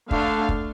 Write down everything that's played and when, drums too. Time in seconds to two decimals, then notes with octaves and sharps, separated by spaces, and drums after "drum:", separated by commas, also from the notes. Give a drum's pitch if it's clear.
0.11 D3 A3 D4 F5, drum: kick
0.49 drum: kick